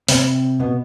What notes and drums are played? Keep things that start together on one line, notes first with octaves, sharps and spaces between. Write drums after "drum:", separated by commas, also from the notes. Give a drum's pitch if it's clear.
C3 C4, drum: open hi-hat
B2 B3